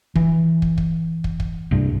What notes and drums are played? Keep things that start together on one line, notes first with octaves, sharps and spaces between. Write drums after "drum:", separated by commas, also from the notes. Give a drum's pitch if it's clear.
E3, drum: kick
drum: kick
drum: kick
drum: kick
drum: kick
C2 G2